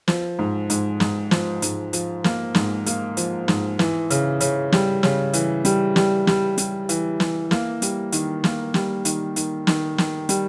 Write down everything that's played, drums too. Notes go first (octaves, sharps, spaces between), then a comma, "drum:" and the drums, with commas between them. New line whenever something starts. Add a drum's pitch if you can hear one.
F3, drum: snare
G#2
G#2, drum: hi-hat
G#2, drum: snare
F3, drum: snare
G#2, drum: hi-hat
F3, drum: hi-hat
A#3, drum: snare
G#2, drum: snare
A#3, drum: hi-hat
F3, drum: hi-hat
G#2, drum: snare
E3, drum: snare
C#3, drum: hi-hat
C#3, drum: hi-hat
G3, drum: snare
C#3, drum: snare
E3, drum: hi-hat
G3, drum: hi-hat
G3, drum: snare
G3, drum: snare
G3, drum: hi-hat
E3, drum: hi-hat
E3, drum: snare
A#3, drum: snare
G3, drum: hi-hat
D#3, drum: hi-hat
A#3, drum: snare
G3, drum: snare
D#3, drum: hi-hat
D#3, drum: hi-hat
D#3, drum: snare
D#3, drum: snare
G3, drum: hi-hat